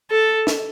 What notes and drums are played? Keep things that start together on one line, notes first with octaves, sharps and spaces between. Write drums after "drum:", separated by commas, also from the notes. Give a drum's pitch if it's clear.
A4
drum: snare